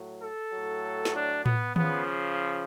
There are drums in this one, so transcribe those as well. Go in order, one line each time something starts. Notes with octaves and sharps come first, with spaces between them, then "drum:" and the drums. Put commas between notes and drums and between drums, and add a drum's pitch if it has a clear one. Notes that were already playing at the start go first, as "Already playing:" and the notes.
Already playing: A2 F#3
A4
A2 F#3
drum: snare
D4
B3, drum: tom A2
C#3 F3 B3, drum: tom D#3